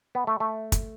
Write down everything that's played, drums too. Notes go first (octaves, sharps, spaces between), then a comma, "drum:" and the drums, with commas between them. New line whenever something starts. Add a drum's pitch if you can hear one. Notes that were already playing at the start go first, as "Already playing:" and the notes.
B3
A3
A3
drum: kick, hi-hat